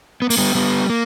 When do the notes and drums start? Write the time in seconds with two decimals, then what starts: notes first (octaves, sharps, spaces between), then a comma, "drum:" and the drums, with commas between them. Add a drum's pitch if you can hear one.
0.22 B3
0.30 A#3, drum: open hi-hat
0.38 G3 B3
0.55 G3 B3
0.90 A#3